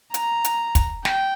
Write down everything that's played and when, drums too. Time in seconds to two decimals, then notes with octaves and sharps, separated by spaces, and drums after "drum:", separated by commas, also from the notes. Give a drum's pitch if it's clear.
0.14 A#5, drum: hi-hat
0.44 drum: hi-hat
0.75 drum: kick, hi-hat
1.05 G5, drum: snare